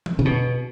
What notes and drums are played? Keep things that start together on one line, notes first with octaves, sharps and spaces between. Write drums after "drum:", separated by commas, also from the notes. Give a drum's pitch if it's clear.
drum: tom E3
C#3
B2